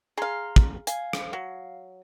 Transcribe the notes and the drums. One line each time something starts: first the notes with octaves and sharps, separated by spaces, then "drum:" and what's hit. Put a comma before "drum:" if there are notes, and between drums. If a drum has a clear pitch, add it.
G#4 F5 A#5 C6
drum: kick
F5 G#5, drum: hi-hat
drum: rim click
F#3